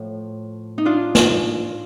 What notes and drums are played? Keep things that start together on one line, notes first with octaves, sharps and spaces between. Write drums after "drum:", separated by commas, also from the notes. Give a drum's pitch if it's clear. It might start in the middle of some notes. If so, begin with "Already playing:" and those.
Already playing: A2 F3
D#4
D4 F4
drum: snare